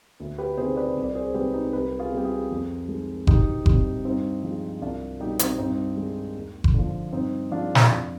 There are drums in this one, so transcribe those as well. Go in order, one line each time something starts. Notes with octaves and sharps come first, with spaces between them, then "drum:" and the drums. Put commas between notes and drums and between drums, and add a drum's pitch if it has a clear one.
D2
G4 B4
C3 D#3 G#4 C5
B4 D5
C2
D5
G#4 C5
C3 D#3 G#3 G4 B4
D#4 G4
C2 G4 B4
F4 G#4
C3 G3 G4
F4 G#4
F2
D#3 G#3
D2 D#4 G4, drum: kick F#1
C3 G3, drum: kick F#1
G2 C4 D#4
F3 G#3
C2 D4 F4
B2 G3 D#4 G4
C4 D#4, drum: hi-hat
G2 C4 D#4
D#3 G#3
D#2
drum: kick F#1
D3 F3
G2 C4 D#4
F3 G#3 D4 F4
drum: snare
F2 D4 F4